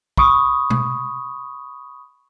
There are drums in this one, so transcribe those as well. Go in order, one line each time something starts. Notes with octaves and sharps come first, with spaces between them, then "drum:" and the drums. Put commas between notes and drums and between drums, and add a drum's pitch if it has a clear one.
B5 C#6 D#6, drum: kick
drum: tom B2